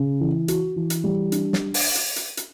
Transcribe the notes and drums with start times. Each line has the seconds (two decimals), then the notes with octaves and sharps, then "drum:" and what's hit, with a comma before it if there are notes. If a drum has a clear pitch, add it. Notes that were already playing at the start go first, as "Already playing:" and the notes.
Already playing: C#3
0.21 E3
0.48 F#4, drum: hi-hat
0.76 E3
0.90 drum: hi-hat
1.04 G3
1.32 D4, drum: hi-hat
1.53 drum: snare
1.74 drum: open hi-hat
1.95 drum: hi-hat
2.16 drum: hi-hat
2.37 drum: hi-hat